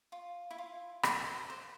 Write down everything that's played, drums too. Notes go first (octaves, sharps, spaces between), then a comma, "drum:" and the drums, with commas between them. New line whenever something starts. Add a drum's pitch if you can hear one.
F4
E4
F4
A#4, drum: rim click
C5
C5